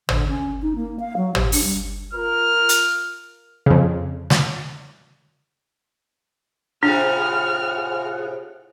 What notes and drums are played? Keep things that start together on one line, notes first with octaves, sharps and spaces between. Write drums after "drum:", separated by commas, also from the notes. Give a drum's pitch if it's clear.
D3, drum: tom G#1
C#4
D#4
A#3
F5
F#3
G4, drum: tom G#1
D4, drum: open hi-hat
G3
F4 A#4 F6
drum: hi-hat
F2 C#3
drum: snare
A2 C3 D4 F4 G#4 F#5 F6